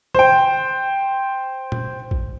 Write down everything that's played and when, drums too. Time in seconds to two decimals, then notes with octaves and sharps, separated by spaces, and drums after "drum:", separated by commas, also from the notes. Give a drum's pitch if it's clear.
0.15 C5 G5, drum: tom
1.72 drum: tom
2.11 drum: kick A1